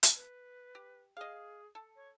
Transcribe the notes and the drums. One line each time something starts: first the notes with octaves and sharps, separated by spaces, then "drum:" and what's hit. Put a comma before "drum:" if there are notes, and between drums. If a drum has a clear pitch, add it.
drum: hi-hat
B4
G4
G#4 D#5 F5
A4
C#5